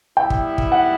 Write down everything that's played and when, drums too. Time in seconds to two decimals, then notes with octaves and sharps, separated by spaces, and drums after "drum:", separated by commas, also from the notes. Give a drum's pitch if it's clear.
0.16 G3 B3 E4 G5
0.30 drum: kick
0.58 drum: kick
0.72 F#5